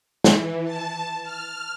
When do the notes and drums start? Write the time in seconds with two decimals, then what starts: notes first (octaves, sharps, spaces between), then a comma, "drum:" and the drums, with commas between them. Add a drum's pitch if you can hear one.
0.24 E3, drum: snare
0.64 A5
1.24 F6